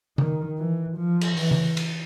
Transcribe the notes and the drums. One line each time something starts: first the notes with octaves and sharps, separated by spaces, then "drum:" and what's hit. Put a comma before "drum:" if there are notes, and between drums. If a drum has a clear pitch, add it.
D#3, drum: tom
E3
F3
drum: cymbal
E3, drum: open hi-hat
drum: tom
drum: cymbal